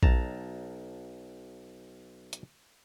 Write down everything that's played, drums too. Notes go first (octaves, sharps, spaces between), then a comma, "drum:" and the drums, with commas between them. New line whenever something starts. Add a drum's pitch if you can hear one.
B1 A5 A#5, drum: kick A#1
drum: hi-hat